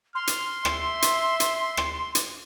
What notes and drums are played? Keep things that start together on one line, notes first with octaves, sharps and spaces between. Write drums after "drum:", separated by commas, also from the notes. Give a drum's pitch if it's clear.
C6 F6
drum: hi-hat
E5, drum: rim click
drum: hi-hat
drum: hi-hat
drum: rim click
drum: hi-hat